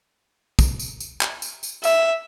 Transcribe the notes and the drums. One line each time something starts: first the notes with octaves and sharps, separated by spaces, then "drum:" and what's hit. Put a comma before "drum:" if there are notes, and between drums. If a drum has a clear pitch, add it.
drum: kick, tambourine
drum: tambourine
drum: tambourine
drum: clap
drum: tambourine
drum: tambourine
E5, drum: tambourine